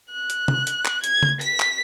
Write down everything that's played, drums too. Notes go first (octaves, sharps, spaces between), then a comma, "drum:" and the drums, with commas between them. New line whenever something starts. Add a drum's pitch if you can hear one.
F#6
drum: hi-hat
drum: tom C3
drum: hi-hat
drum: clap
G#6, drum: hi-hat
drum: tom C#3
B6, drum: hi-hat
drum: clap